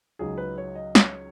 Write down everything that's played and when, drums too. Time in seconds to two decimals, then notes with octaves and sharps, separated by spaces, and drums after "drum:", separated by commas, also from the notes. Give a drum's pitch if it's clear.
0.19 C#2 C#3 F#3 D#4 G#4
0.38 B4
0.58 C#5
0.75 D#5
0.95 C#5, drum: snare